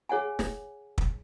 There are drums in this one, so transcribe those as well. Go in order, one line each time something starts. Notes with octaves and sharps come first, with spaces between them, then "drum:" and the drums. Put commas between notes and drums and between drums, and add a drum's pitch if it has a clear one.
G#4 C#5 F#5 G#5
drum: snare
drum: kick